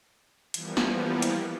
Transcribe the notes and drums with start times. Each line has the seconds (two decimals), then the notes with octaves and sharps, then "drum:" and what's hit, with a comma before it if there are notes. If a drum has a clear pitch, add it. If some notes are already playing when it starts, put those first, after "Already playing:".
0.54 E3 F3 G3 A#3 B3, drum: hi-hat
0.77 drum: snare
1.22 drum: hi-hat